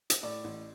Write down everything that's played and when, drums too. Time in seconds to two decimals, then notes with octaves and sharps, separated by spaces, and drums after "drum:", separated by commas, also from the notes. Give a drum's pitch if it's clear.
0.10 drum: hi-hat
0.23 A2 D5
0.44 A1